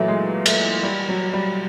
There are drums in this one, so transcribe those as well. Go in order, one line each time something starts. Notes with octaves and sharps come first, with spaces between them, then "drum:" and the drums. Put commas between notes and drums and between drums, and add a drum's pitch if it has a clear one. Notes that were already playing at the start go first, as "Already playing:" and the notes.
Already playing: A#2 E3 F#3 A3
G#3
A3, drum: cymbal
G3
F#3
G3